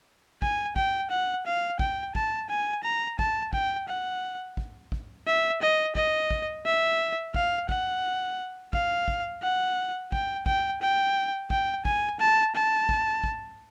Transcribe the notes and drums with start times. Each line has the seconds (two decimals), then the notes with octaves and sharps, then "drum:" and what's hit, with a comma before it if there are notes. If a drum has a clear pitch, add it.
0.42 G#5, drum: kick
0.76 G5, drum: kick
1.10 F#5
1.46 F5
1.79 G5, drum: kick
2.15 A5, drum: kick
2.50 G#5
2.83 A#5
3.19 A5, drum: kick
3.53 G5, drum: kick
3.88 F#5
4.57 drum: kick
4.92 drum: kick
5.27 E5
5.61 D#5
5.95 D#5, drum: kick
6.31 drum: kick
6.66 E5
7.34 F5, drum: kick
7.69 F#5, drum: kick
8.73 F5, drum: kick
9.08 drum: kick
9.42 F#5
10.12 G5, drum: kick
10.46 G5, drum: kick
10.82 G5
11.50 G5, drum: kick
11.85 G#5, drum: kick
12.20 A5
12.55 A5
12.89 drum: kick
13.24 drum: kick